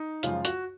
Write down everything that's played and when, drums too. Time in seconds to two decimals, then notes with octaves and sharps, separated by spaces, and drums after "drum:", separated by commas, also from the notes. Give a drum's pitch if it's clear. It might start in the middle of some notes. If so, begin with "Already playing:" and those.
Already playing: D#4
0.23 F#2 C#3 F3 G#3 F4, drum: hi-hat
0.45 F#4, drum: hi-hat